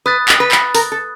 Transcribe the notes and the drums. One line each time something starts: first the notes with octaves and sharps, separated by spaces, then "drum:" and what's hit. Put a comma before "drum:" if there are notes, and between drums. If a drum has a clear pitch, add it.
B4 D#6 F#6 A6
drum: clap
B4
drum: clap
A#4, drum: open hi-hat
A4